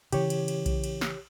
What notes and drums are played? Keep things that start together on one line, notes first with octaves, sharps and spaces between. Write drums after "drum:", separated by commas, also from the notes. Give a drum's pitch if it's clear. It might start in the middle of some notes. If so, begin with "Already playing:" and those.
C#3 E3 G4 C#5, drum: cymbal
drum: cymbal
drum: cymbal
drum: kick B1, cymbal
drum: cymbal
drum: snare